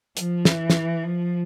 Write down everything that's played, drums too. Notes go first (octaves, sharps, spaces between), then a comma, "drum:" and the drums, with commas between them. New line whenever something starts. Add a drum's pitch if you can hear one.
F3, drum: hi-hat
E3, drum: snare
drum: snare
F3